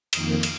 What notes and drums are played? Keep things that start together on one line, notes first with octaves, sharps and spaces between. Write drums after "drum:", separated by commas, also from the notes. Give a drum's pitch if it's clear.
F2 D#3 A#3, drum: cymbal
drum: cymbal